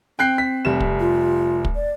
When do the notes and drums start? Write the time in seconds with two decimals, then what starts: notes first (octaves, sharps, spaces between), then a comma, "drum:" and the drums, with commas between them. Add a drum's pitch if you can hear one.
0.19 C4 G5 F#6 C7
0.38 B6
0.65 F1 G3 E7
0.80 drum: kick
1.00 F4
1.65 drum: kick
1.75 D5